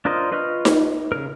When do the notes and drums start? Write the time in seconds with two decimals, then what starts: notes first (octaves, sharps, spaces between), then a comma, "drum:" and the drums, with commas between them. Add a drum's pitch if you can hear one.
0.05 D4 F4 A#4 C5 D#5
0.32 F4 B4 D#5 C#6 F6
0.65 drum: snare D#4
1.12 C#3 A#4